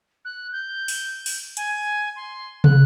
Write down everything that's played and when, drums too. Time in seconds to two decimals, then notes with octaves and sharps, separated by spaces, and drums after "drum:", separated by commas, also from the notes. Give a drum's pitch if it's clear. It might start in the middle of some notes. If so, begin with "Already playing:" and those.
0.25 F#6
0.52 G6
0.88 drum: open hi-hat
1.26 drum: open hi-hat
1.57 G#5, drum: hi-hat
2.16 C6
2.64 F#6, drum: tom